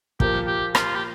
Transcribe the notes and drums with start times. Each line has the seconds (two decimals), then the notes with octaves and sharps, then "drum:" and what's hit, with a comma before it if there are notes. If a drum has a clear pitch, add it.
0.20 A#2 F3 A#3 G4, drum: kick
0.46 G4
0.75 F4, drum: rim click
0.95 G4